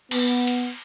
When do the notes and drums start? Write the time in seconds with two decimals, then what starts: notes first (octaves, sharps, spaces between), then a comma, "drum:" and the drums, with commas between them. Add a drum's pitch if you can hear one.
0.11 B3, drum: cymbal
0.47 drum: cymbal